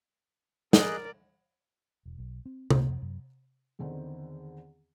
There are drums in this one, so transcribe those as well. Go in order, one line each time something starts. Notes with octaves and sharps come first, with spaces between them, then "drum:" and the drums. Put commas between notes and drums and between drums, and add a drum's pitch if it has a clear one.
G#4 A#4 D5 D#5 F#6, drum: snare
E1
B1
C4
C#2, drum: tom C3
F2
F#2
E2 D3 D#3 C4